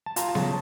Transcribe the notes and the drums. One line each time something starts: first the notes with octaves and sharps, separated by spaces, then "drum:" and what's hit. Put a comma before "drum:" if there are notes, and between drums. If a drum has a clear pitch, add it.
A5
F4 A#5, drum: hi-hat
A5
C#3, drum: snare B3
A5